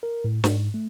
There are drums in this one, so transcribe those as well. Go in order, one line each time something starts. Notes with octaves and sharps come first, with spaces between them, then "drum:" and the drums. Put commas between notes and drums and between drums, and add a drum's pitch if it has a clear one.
A#4
A2
G#2, drum: snare
A3